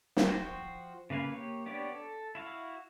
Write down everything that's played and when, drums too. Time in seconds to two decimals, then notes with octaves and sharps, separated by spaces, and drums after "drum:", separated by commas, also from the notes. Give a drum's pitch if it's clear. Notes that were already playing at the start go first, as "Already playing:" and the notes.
0.17 drum: snare
0.29 F3 F#4 C5 G5
1.10 C#3 A#3 B4 F5 G#5
1.32 A#3 G4 C#5
1.66 B3 D4 G4 C#5 D5
1.92 A4
2.35 E4 F#4 F5